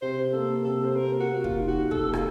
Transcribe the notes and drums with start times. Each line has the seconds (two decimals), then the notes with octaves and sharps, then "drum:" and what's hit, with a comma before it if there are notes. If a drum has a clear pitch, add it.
0.02 C3 C5
0.33 A#3 A4
0.64 C3 A4
0.85 C5
0.96 A#3 A#4
1.20 F#4
1.28 A#3
1.44 F4, drum: kick
1.60 D#4
1.68 F#4
1.91 A#3 A4, drum: kick
2.13 F4, drum: rim click